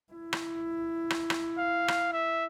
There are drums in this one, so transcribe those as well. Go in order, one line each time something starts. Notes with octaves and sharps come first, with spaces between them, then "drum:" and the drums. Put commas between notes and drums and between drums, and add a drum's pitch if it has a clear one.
E4
drum: rim click
drum: rim click
drum: rim click
F5
drum: rim click
E5